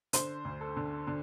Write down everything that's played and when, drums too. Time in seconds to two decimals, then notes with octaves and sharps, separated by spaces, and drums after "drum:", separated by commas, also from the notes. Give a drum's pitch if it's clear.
0.13 D3 C5, drum: hi-hat
0.45 D2
0.61 A4
0.76 D3
1.07 D3